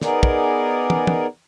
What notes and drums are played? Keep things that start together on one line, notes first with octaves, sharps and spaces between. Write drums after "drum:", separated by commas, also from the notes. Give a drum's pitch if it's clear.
B3 D#4 G#4 A#4 D5, drum: snare
drum: kick
drum: tom
drum: tom